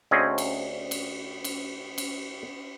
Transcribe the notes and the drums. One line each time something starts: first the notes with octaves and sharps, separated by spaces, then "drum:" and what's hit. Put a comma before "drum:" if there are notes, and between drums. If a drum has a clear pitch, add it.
D2 C4 C#4 G#4 D#5
drum: cymbal
drum: cymbal
drum: cymbal
drum: cymbal